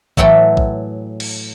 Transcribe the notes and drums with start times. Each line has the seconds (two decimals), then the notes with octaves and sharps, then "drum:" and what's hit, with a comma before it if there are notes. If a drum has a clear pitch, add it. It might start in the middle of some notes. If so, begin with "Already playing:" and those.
0.17 A2 E3 F#3 E4 A4 G5, drum: kick A#1
0.57 drum: kick A#1
1.20 drum: cymbal